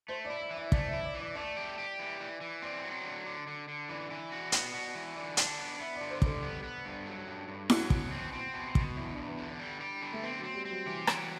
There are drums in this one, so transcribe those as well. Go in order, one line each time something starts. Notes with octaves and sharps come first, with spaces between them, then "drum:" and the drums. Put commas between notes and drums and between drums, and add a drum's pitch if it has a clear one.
A3 C5
D5
E4
E5
E3
E5
A3 D5, drum: kick
E5
E4
D5
E3 D5
A3 D5
G4
G4
E3
E3
E3
C4 D5
F#3
D3
D3
D3
D3
E3 D5
E3
F#4
B3, drum: hi-hat
F#4
E3
D3 D5
D4, drum: hi-hat
B3
B3 E5
D5
D3
C5
G3 A4, drum: kick
B3
B3
G2
F#3
G2
G2
F#3 F#4, drum: snare E4
B2, drum: kick
C4
C4
B2
B2, drum: kick
E2 E4
D4
E2
B3
D3
G3
G3
D3
A3
B3 C4
F#3
C4
G3
F#3 C4
E3 G4
F#3, drum: rim click